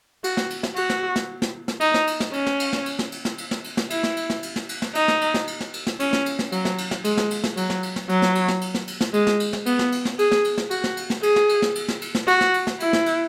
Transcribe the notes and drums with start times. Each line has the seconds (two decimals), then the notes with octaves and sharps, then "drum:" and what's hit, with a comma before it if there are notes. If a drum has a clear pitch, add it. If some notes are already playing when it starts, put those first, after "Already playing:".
0.24 F#4, drum: cymbal
0.37 drum: snare
0.50 drum: cymbal
0.63 drum: snare
0.76 F#4, drum: cymbal
0.90 drum: snare
1.16 drum: snare
1.42 drum: snare
1.68 drum: snare
1.80 D#4, drum: cymbal
1.94 drum: snare
2.07 drum: cymbal
2.20 drum: snare
2.33 C#4, drum: cymbal
2.46 drum: snare
2.60 drum: cymbal
2.73 drum: snare
2.86 drum: cymbal
2.99 drum: snare
3.12 drum: cymbal
3.25 drum: snare
3.38 drum: cymbal
3.51 drum: snare
3.64 drum: cymbal
3.77 drum: snare
3.90 E4, drum: cymbal
4.03 drum: snare
4.17 drum: cymbal
4.30 drum: snare
4.43 drum: cymbal
4.56 drum: snare
4.69 drum: cymbal
4.82 drum: snare
4.95 D#4, drum: cymbal
5.08 drum: snare
5.21 drum: cymbal
5.34 drum: snare
5.47 drum: cymbal
5.60 drum: snare
5.74 drum: cymbal
5.87 drum: snare
6.00 C#4, drum: cymbal
6.13 drum: snare
6.26 drum: cymbal
6.39 drum: snare
6.52 F#3, drum: cymbal
6.65 drum: snare
6.78 drum: cymbal
6.91 drum: snare
7.05 G#3, drum: cymbal
7.17 drum: snare
7.31 drum: cymbal
7.44 drum: snare
7.57 F#3, drum: cymbal
7.70 drum: snare
7.83 drum: cymbal
7.96 drum: snare
8.09 F#3, drum: cymbal
8.22 drum: snare
8.35 drum: cymbal
8.48 drum: snare
8.61 drum: cymbal
8.74 drum: snare
8.88 drum: cymbal
9.01 drum: snare
9.14 G#3, drum: cymbal
9.27 drum: snare
9.40 drum: cymbal
9.53 drum: snare
9.66 B3, drum: cymbal
9.79 drum: snare
9.92 drum: cymbal
10.05 drum: snare
10.19 G#4, drum: cymbal
10.31 drum: snare
10.44 drum: cymbal
10.58 drum: snare
10.71 F#4, drum: cymbal
10.84 drum: snare
10.97 drum: cymbal
11.10 drum: snare
11.23 G#4, drum: cymbal
11.36 drum: snare
11.49 drum: cymbal
11.62 drum: snare
11.75 drum: cymbal
11.88 drum: snare
12.01 drum: cymbal
12.15 drum: snare
12.28 F#4, drum: cymbal
12.41 drum: snare
12.54 drum: cymbal
12.67 drum: snare
12.80 E4, drum: cymbal
12.93 drum: snare
13.06 drum: cymbal